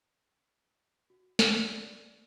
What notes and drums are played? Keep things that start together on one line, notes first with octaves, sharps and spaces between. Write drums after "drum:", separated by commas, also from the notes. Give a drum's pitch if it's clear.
F#4
drum: snare
D5